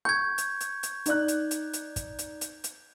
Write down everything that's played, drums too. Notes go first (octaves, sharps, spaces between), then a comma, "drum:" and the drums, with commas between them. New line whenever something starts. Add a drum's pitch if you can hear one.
C#6 G6 G#6
drum: hi-hat
drum: hi-hat
drum: hi-hat
D#4 D5 F#6, drum: hi-hat
drum: hi-hat
drum: hi-hat
drum: hi-hat
drum: kick, hi-hat
drum: hi-hat
drum: hi-hat
drum: hi-hat